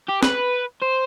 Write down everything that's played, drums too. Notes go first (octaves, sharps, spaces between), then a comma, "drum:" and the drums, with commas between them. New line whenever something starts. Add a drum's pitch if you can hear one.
G4
B4, drum: snare
C5